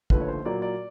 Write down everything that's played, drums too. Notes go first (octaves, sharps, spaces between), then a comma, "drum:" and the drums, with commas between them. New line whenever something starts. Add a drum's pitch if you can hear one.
D#2 D3 F3 A3 B4, drum: kick
C#5
C5
A#2 F#3 A#3 D5
D5